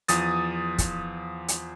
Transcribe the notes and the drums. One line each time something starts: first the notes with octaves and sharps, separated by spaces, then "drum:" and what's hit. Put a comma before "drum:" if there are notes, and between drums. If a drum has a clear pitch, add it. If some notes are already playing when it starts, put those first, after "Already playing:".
E2 F3 D#6 A6, drum: hi-hat
drum: kick, hi-hat
drum: hi-hat